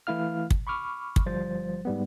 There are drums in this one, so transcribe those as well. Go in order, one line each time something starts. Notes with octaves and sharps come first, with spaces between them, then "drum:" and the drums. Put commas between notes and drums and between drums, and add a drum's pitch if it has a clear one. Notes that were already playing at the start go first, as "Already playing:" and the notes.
E3 A3 E4 F5 F6
drum: kick
B5 C#6 D6 F6
drum: kick
G1 F3 G3 C5 A6
G#2 G3 B3